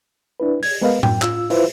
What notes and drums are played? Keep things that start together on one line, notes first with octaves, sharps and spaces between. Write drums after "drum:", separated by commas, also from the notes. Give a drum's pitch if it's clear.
D4 E4 B4
G#6, drum: open hi-hat
G#3 B3 A#4 B4 D#5 F5
F#2 G5, drum: tom A2
F4 E6, drum: clap
E4 F4 B4 C5 E5, drum: open hi-hat